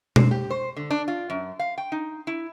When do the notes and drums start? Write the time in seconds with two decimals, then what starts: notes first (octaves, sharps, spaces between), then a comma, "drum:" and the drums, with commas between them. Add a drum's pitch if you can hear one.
0.16 C4, drum: tom B2
0.31 G4
0.50 C5
0.77 D3
0.91 D4
1.08 F4
1.30 F#2
1.59 F5
1.78 G5
1.92 D#4
2.27 E4